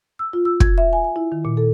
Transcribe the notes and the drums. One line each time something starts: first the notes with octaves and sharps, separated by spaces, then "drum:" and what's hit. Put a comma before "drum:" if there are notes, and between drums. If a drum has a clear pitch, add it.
E6
F4
E6
G#6, drum: kick
E5
G#5
G#5
E4
D#3
A#2
A4